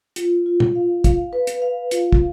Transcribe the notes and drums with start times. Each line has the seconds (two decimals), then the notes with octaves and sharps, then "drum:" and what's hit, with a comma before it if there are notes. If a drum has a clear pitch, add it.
0.16 F4, drum: hi-hat
0.46 F4
0.60 drum: tom A#2
0.75 F5
1.04 F5, drum: kick, hi-hat
1.33 B4
1.47 drum: hi-hat
1.62 F5
1.91 F4, drum: hi-hat
2.12 drum: kick